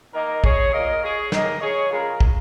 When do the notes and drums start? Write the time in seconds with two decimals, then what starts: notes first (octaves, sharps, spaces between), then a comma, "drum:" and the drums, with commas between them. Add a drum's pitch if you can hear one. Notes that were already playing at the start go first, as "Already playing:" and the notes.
0.14 D#3 A#3 A#4 D#5
0.44 G#4 C#5, drum: kick
0.73 A#2 A#3 A#4 D#5
1.02 G#4 C#5
1.32 D#3 A#3 A#4 D#5, drum: snare
1.61 G#4 C#5
1.90 C#3 G#3 F4 A#4
2.20 drum: kick